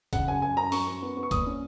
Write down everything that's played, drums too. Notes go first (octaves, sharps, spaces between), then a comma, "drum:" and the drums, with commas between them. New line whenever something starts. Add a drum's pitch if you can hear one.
C#3 F#5, drum: kick C2, hi-hat
F#2 G#5
F#2 G#5
F#2 A#5
F#2 C#6, drum: open hi-hat
F#2
B3
B3
C#6
A#2 D#6, drum: kick C2, hi-hat
C#4